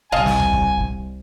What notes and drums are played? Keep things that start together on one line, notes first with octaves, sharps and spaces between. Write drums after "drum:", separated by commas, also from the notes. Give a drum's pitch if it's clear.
F#1 C2 D#5 F5 G#5 A5
drum: snare
drum: tom D#2
drum: kick
drum: kick